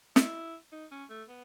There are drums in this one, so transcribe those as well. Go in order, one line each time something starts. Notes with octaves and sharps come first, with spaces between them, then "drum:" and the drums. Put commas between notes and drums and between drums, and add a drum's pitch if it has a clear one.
E4, drum: snare
D#4
C#4
A3
B3